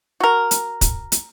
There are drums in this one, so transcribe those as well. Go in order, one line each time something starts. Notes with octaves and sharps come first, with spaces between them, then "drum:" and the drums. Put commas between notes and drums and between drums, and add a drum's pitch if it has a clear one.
F#4 A#4
drum: hi-hat
drum: kick, hi-hat
drum: hi-hat